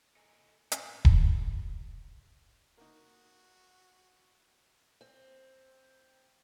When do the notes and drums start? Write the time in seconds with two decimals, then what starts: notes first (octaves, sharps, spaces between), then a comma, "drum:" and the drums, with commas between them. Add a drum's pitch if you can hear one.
0.16 A4 D#5 G#5 A#5
0.72 A2, drum: hi-hat
1.05 G4, drum: kick D#1
2.77 A#3 D#4 F#4
5.01 C4